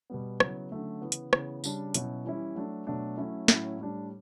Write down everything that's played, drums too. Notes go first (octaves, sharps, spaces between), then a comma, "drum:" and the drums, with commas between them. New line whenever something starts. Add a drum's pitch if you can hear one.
B2 G3 B3
C#3 F#3 B3 E4, drum: rim click
D3 F#3 A3 C#4
C#3 E3 B3
drum: hi-hat
C#3 E3 B3, drum: rim click
C#3 G3 D4, drum: tambourine
B2 F#3 C#4 E4, drum: hi-hat
E3 G3 C#4 E4
F#3 A3 D4
B2 F#3 A3 D4
F#3 A3 C#4 E4
A2 F#3 C#4 E4, drum: snare
A2 G3 D4